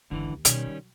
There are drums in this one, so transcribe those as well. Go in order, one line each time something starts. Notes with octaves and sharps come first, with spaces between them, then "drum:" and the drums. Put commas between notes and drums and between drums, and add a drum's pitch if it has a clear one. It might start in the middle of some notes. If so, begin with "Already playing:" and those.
F#1 C#2 D3 E3
D#2
B2 D#3 G3 C#4, drum: hi-hat
F#3